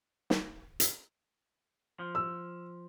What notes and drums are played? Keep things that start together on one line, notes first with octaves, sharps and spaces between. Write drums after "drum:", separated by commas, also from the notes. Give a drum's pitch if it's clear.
drum: snare
drum: hi-hat
F3
E6